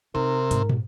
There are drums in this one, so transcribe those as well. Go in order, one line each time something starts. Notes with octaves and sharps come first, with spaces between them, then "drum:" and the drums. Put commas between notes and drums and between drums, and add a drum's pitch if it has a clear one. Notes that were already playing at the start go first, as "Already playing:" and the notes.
C3 D#4 A#4
G#2, drum: hi-hat
drum: tom